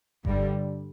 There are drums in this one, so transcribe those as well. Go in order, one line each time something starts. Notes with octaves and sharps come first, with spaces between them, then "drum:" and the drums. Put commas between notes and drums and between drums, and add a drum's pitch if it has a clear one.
G2 D3 G3, drum: kick F#1